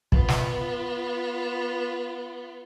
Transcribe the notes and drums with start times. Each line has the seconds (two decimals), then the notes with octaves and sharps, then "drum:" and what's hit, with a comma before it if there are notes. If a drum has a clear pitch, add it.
0.12 B3 F4, drum: kick
0.28 drum: snare